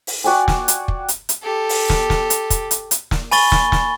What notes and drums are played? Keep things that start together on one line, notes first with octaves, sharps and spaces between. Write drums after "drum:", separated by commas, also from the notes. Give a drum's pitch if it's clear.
drum: open hi-hat
F#4 D5 G5 G#5
drum: snare
drum: hi-hat
drum: kick
drum: hi-hat
drum: hi-hat
G4 A4
drum: open hi-hat
drum: snare
drum: snare
drum: hi-hat
drum: kick, hi-hat
drum: hi-hat
drum: hi-hat
drum: snare
G#5 B5 C#6 A6 G7, drum: open hi-hat
drum: snare
drum: snare